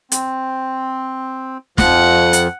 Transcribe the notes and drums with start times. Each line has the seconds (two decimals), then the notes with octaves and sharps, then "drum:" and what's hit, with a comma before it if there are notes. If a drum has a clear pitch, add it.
0.12 C4, drum: hi-hat
1.78 F2 F3 F#5, drum: snare
2.33 drum: hi-hat